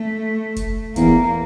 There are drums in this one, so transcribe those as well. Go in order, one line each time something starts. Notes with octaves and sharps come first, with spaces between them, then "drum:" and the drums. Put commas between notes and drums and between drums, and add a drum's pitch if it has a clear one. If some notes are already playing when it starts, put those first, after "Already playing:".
Already playing: A3
drum: kick F1, hi-hat
E2 A#3, drum: kick F1, hi-hat